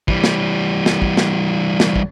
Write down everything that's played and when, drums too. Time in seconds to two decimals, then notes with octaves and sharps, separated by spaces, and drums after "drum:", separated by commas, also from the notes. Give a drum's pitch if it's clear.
0.08 E3 G3, drum: kick
0.24 drum: snare
0.86 drum: snare
1.02 drum: kick
1.17 drum: snare
1.80 drum: snare
1.96 drum: kick